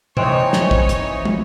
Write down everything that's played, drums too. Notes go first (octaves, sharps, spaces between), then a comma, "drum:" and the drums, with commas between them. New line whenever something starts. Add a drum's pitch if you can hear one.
E3 C4 D#4 C5 C#5 D#5 G#5 C6, drum: tom
drum: snare
drum: kick
drum: hi-hat
drum: tom